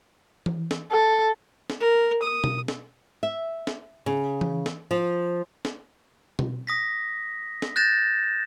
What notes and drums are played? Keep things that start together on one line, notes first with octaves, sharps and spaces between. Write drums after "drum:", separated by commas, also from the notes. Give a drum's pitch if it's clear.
drum: tom E3
drum: snare
A4
drum: snare
A#4
D#6
drum: tom B2
drum: snare
E5
drum: snare
C#3
drum: tom E3
drum: snare
F3
drum: snare
drum: tom B2
D#6 A#6 B6
drum: snare
F#6 G6 A6 A#6 E7